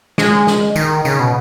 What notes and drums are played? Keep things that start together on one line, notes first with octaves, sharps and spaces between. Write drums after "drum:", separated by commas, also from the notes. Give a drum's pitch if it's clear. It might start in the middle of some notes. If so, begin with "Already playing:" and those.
G#3, drum: snare
drum: snare
D#3, drum: tambourine
C#3, drum: tambourine
B2